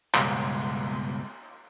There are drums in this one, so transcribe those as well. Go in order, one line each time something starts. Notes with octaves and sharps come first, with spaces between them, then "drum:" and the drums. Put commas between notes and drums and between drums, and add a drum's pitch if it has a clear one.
C#2 G2 B2 G#3 B3, drum: clap